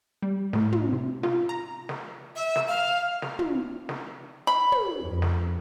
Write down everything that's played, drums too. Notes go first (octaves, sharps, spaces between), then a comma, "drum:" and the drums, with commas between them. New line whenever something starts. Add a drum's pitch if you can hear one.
G3
A2, drum: snare
drum: tom
C3
F4, drum: snare
A#5
drum: snare
E5
drum: snare
F5
drum: snare
drum: tom
drum: snare
B5
drum: tom
F2
drum: snare